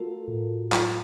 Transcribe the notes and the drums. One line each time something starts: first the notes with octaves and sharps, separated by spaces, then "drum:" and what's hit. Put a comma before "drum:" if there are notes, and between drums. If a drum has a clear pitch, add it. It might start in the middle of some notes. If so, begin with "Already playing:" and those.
Already playing: A3 F4 F#4 A4 A#4
A2
F#3 F4, drum: clap